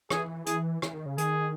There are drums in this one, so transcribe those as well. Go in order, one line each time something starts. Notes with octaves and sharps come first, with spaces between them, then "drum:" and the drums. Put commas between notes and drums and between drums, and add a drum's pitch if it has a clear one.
E3 G#4, drum: rim click
E3 G#4, drum: hi-hat
E3, drum: rim click
D#3
C#3
D#3 G#4, drum: hi-hat